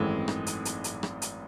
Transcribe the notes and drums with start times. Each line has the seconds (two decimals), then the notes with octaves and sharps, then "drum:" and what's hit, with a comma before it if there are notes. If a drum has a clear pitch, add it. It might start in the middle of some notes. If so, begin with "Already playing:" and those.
Already playing: G#1 F#2 D#3 E3 G#3 A3 C4
0.28 drum: rim click
0.47 drum: hi-hat
0.65 drum: hi-hat
0.84 drum: hi-hat
1.03 drum: rim click
1.22 drum: hi-hat